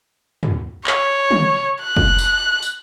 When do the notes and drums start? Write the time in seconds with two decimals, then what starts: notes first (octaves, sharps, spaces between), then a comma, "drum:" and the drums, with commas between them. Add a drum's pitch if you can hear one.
0.43 drum: tom
0.87 C#5, drum: clap
1.31 drum: tom
1.82 F#6
1.97 drum: kick
2.18 drum: tambourine
2.62 drum: tambourine